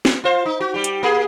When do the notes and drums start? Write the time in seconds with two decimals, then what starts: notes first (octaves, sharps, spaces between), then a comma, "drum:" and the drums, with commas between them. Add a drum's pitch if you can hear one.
0.05 drum: snare
0.24 F4 C5
0.46 D#4
0.60 F#4
0.74 G3 G4
0.84 drum: hi-hat
1.03 A#3 G#4